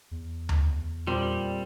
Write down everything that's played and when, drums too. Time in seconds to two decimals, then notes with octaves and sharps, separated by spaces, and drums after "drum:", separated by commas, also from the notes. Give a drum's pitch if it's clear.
0.11 E2
0.49 drum: tom D2
1.07 A#2 G3 C4